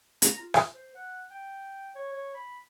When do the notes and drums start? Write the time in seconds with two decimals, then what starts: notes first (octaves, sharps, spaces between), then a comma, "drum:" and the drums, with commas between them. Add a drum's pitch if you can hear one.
0.22 A#5, drum: hi-hat
0.39 F4
0.54 drum: rim click
0.74 C5
0.95 F#5
1.30 G5
1.95 C#5
2.13 C#5
2.35 B5